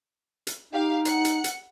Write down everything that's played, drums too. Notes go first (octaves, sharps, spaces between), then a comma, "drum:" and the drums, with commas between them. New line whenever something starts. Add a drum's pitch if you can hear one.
drum: hi-hat
D#4 G4 F5
F#5 F#6 C#7, drum: hi-hat
drum: hi-hat
drum: hi-hat